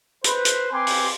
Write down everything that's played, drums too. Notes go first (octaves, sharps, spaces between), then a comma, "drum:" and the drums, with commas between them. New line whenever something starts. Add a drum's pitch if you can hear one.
B4 C5, drum: hi-hat
drum: hi-hat
C4 B4 G5 G#5 C6 D6
drum: open hi-hat